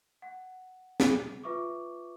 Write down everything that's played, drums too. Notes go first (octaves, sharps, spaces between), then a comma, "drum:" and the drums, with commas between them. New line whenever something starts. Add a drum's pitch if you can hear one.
F#5
drum: snare
F4 B4 E5 C#6 D6